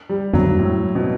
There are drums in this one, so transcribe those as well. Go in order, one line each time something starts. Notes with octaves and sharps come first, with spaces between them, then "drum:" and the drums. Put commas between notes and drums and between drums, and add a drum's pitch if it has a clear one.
G3
F#3, drum: tom F2
A2
B2